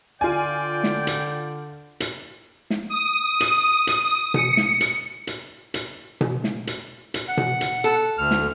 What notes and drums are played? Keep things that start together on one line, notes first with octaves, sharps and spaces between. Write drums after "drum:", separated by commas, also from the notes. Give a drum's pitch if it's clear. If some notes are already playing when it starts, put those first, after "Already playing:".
D3 F4 D5 G5 G#5
drum: snare
drum: hi-hat
drum: hi-hat
drum: snare
D#6
drum: hi-hat
drum: hi-hat
C#7, drum: tom B2
drum: snare
drum: hi-hat
drum: hi-hat
drum: hi-hat
drum: tom B2
drum: snare
drum: hi-hat
drum: hi-hat
F#5
drum: tom B2
drum: hi-hat
A4
D2 F6
drum: snare